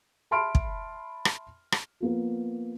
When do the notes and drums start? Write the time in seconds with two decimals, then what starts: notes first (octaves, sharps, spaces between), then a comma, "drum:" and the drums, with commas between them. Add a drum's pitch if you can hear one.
0.31 E5 A5 B5 C6 F6 D7
0.55 drum: kick
1.25 drum: rim click
1.72 drum: rim click
2.00 F3 A#3 B3